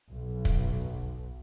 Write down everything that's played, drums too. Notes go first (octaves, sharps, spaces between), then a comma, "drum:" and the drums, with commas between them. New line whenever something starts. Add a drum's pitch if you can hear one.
B1
drum: kick